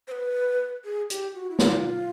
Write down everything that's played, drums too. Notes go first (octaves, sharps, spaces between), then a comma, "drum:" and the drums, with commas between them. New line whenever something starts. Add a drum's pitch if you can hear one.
C5
B4
G#4
G4, drum: hi-hat
F#4
E4
F4, drum: snare